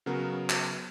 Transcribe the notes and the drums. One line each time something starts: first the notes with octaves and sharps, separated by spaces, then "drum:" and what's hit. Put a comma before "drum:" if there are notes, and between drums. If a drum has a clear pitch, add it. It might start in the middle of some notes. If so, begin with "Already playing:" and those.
C#3 F#3 B3 A#4
drum: clap